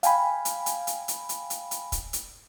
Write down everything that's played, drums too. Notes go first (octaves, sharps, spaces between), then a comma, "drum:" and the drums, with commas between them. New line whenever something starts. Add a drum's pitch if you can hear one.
F5 G5 G#5 B5, drum: hi-hat
drum: hi-hat
drum: hi-hat
drum: hi-hat
drum: hi-hat
drum: hi-hat
drum: hi-hat
drum: hi-hat
drum: kick, hi-hat
drum: hi-hat